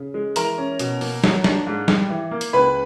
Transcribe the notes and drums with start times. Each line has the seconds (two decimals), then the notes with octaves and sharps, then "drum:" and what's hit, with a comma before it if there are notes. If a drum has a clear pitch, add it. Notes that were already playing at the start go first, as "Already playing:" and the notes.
Already playing: C#3
0.14 G#3
0.36 E3 A#4 A#5, drum: hi-hat
0.58 C#4
0.79 B2, drum: hi-hat
1.01 A#3, drum: open hi-hat
1.24 F#3, drum: snare
1.44 D4, drum: snare
1.67 G#2
1.88 G3, drum: snare
2.10 E3
2.31 A#3
2.41 drum: hi-hat
2.53 C#2 B4 B5